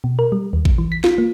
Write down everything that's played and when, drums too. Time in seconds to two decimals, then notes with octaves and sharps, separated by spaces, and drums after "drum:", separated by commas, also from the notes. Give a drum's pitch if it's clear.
0.04 B2
0.19 A#4
0.32 G3
0.53 D#2
0.65 drum: kick A1
0.78 E3
0.92 B6
1.04 F4, drum: snare
1.18 A#3